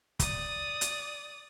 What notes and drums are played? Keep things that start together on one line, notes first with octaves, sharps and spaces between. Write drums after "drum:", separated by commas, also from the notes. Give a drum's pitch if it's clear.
D5 D#6, drum: kick, hi-hat
drum: hi-hat